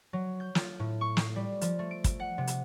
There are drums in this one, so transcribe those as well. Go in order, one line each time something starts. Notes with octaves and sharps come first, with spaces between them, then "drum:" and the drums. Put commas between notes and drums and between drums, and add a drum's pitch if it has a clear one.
F#3
G6
F4, drum: snare
A2
C#6
C7, drum: snare
G3
F3, drum: hi-hat
A3
D7
drum: kick, hi-hat
F#5
C3
drum: hi-hat